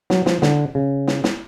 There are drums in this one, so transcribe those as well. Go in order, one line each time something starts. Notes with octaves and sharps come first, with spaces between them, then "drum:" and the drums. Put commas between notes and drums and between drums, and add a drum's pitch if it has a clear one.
F#3, drum: snare
F3, drum: snare
D3, drum: snare
C#3
drum: snare
drum: snare